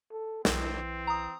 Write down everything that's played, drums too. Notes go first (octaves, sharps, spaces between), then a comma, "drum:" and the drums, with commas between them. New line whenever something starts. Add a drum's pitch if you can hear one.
A4
B1 E3 C4, drum: snare
A#5 D#6